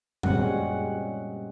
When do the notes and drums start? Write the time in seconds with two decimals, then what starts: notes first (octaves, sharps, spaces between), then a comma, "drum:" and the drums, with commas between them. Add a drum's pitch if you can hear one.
0.23 A#2 G3 G#3 C4 C#4 F#5, drum: tom F#2